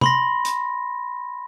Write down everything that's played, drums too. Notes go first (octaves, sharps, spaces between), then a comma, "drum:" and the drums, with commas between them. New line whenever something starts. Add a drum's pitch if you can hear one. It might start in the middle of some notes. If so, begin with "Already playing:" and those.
B5 C6 A#6, drum: tom
drum: hi-hat